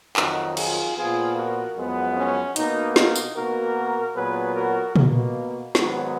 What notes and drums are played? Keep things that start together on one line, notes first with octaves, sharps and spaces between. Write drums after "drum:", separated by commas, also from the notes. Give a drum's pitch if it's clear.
F2 D#3 F#3 D#4 F#4, drum: clap
F4 G#4, drum: cymbal
A#2 F3 B3 F4 G#4
F#4 A#4
F#2 F3 G#3 B3
C#4
B2 A#3 D#4, drum: hi-hat
D#4, drum: snare
drum: tambourine
B2 A#3 F#4 A#4
A#2 F#3 B3 G#4 B4
F#4 A#4
B2 A#3, drum: tom
G#2 D#3 F#3 B3, drum: snare